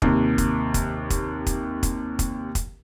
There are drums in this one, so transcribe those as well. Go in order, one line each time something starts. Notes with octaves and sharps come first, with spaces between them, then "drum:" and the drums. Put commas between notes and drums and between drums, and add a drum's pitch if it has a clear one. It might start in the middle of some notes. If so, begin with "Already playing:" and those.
D#2 C3, drum: kick
drum: kick, hi-hat
drum: kick, hi-hat
drum: kick, hi-hat
drum: kick, hi-hat
drum: kick, hi-hat
drum: kick, hi-hat
drum: kick, hi-hat